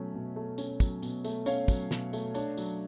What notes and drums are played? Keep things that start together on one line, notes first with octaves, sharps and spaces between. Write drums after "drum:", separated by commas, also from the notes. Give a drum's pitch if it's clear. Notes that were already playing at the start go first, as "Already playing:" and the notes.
Already playing: B2 F#3 A3 C#4
B2
A3
C#4, drum: tambourine
F#3, drum: kick, tambourine
B2, drum: tambourine
A3, drum: tambourine
C#4 C#5 F5, drum: tambourine
F#3, drum: kick, tambourine
B2, drum: snare
A3, drum: tambourine
D4 C#5, drum: tambourine
F#3, drum: tambourine